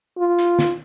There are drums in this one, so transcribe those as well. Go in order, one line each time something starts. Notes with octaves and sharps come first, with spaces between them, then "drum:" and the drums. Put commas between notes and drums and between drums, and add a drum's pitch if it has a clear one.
F4
drum: hi-hat
drum: snare